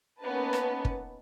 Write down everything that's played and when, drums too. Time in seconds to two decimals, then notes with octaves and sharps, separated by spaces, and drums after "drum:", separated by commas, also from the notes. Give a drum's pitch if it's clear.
0.21 A#3 B3 C#4 D#4 B4 A5
0.53 drum: rim click
0.85 drum: kick